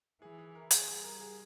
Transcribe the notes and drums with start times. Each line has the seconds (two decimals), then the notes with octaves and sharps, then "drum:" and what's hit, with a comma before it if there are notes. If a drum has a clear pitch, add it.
0.22 E3 G#4
0.38 G#4
0.55 A#4
0.71 G#4, drum: hi-hat
0.88 G3 G#4
1.04 A#4
1.20 G#4